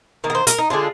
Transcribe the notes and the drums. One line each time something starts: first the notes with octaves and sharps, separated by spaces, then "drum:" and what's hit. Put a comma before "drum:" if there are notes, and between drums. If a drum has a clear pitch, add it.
D#3 A#3 D4
A#4
C5
A#4, drum: hi-hat
D#4
D3 G#3 D4 F4